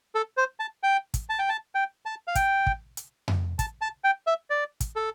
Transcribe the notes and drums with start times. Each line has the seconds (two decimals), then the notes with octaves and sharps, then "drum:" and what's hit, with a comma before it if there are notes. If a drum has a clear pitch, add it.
0.15 A4
0.37 C5
0.60 A5
0.83 G5
1.14 drum: kick, hi-hat
1.29 A5
1.39 G5
1.49 A5
1.75 G5
2.06 A5
2.28 F5
2.35 G5, drum: kick, hi-hat
2.67 drum: kick
2.97 drum: hi-hat
3.28 drum: tom F2
3.59 A5, drum: kick, hi-hat
3.81 A5
4.04 G5
4.27 E5
4.50 D5
4.80 drum: kick, hi-hat
4.96 A4